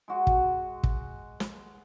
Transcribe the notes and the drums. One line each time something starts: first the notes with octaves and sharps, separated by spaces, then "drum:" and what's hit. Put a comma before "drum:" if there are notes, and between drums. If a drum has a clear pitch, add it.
G#3 F#4
drum: kick
drum: kick
drum: snare